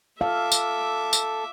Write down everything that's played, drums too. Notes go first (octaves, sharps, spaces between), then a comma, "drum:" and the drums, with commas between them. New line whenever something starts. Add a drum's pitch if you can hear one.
A4 E5 F5 D6
drum: tambourine
drum: tambourine